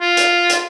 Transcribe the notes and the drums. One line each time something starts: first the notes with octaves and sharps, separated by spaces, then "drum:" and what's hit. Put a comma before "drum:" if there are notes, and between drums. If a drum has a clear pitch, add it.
F4
drum: hi-hat
drum: hi-hat